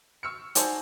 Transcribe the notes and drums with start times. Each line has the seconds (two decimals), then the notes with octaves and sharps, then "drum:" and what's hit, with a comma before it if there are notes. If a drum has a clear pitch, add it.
0.23 C#6 E6 F6 C#7
0.55 D#4 F#4 C5 D5 G#5 A5, drum: hi-hat